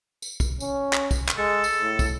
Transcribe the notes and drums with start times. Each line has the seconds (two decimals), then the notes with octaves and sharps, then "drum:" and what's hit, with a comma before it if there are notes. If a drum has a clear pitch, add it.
0.22 drum: tambourine
0.40 drum: kick, tambourine
0.60 C#4, drum: tambourine
0.93 drum: clap
1.11 drum: kick, tambourine
1.28 drum: clap
1.38 G#3 A4
1.64 drum: tambourine
1.81 A2
1.99 drum: kick, tambourine